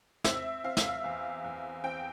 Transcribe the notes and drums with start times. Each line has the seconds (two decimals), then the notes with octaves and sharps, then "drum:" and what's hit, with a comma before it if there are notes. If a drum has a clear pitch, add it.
0.24 C4 E5, drum: snare
0.64 C4 F5
0.77 E5, drum: snare
0.89 F5
1.04 E2
1.44 E2
1.84 C4 G5